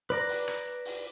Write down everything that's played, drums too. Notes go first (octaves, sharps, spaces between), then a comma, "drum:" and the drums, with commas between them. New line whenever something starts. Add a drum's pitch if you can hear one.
B4 D5 A#5, drum: hi-hat
drum: open hi-hat
drum: rim click
drum: hi-hat
drum: open hi-hat